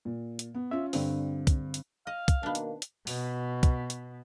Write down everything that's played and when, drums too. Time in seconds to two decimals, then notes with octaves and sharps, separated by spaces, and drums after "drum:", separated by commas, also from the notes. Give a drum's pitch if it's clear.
0.05 A#2
0.39 drum: hi-hat
0.54 B3
0.71 C#4 F4 E5
0.93 G2 D3 C4, drum: open hi-hat
1.47 drum: kick, hi-hat
1.74 drum: hi-hat
2.07 D#5 F5
2.28 drum: kick, hi-hat
2.43 B2 D#3 A#3 B3 D4
2.55 drum: hi-hat
2.82 drum: hi-hat
3.07 B2, drum: open hi-hat
3.63 drum: kick, hi-hat
3.90 drum: hi-hat